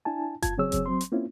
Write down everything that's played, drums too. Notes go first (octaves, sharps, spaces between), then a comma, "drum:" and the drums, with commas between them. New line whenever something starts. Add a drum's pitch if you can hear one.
D4 E4 G#5 A5
G2 F4 A5 G#6, drum: kick F#1, hi-hat
C#3 F#3 C4 G#4 C#5 E6
drum: kick F#1, hi-hat
F#3 C4 C6
drum: hi-hat
A#3 C4 C#4 E4 F4